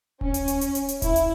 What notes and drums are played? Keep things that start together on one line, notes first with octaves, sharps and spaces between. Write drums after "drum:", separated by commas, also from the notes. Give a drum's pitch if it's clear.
C#4, drum: kick D#1
drum: hi-hat
drum: hi-hat
drum: hi-hat
drum: hi-hat
drum: hi-hat
E4, drum: kick D#1, hi-hat
drum: hi-hat